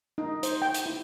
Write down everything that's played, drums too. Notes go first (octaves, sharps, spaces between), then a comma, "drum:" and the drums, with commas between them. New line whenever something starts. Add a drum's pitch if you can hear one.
D#4
C5, drum: hi-hat
G5
drum: hi-hat
E4